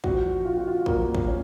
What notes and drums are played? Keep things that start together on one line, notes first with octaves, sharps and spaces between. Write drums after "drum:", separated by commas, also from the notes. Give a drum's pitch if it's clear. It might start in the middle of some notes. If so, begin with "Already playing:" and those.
A#2 F3 F#4, drum: kick
F4
F#4
F4
A#2 F3 A#3, drum: kick
drum: kick
C#4